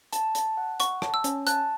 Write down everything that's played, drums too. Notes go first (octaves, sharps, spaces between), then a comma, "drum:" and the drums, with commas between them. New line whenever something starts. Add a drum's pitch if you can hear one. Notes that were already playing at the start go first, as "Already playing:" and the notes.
A5, drum: hi-hat
A5, drum: hi-hat
F#5
F#5 C#6, drum: hi-hat
A5, drum: rim click
E6
C#4, drum: hi-hat
A5 F#6, drum: hi-hat